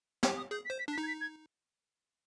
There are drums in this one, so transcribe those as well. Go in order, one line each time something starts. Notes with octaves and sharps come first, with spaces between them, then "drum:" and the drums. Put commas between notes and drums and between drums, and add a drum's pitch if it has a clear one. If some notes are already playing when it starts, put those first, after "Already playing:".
G4, drum: snare
D#6
G#4 G6
B6
C5
B6
D4
B6
D#4
G#6
B6
G#6